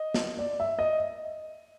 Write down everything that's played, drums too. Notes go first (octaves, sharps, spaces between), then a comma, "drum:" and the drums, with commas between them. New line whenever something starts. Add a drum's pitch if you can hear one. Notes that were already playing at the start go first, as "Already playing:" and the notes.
Already playing: D#5
drum: snare
D5
E5
D#5